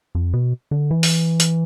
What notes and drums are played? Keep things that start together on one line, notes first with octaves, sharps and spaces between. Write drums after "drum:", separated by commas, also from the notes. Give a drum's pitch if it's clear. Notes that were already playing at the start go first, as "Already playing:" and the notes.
F2
B2
D3
E3
drum: open hi-hat
drum: hi-hat